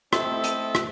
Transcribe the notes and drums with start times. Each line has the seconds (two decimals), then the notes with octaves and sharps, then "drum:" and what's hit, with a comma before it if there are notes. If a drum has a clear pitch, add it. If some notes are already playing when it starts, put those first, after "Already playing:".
0.13 A3 C4 E4 A4 D#5 E5, drum: rim click
0.44 drum: hi-hat
0.75 drum: rim click